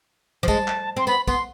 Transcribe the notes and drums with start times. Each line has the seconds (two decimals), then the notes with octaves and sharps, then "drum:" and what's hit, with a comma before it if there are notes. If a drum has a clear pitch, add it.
0.43 F3
0.48 G#3 A5, drum: kick, tambourine
0.68 drum: clap
0.96 C4 C6
1.07 B3 B5, drum: tambourine
1.27 B3 C6, drum: kick, tambourine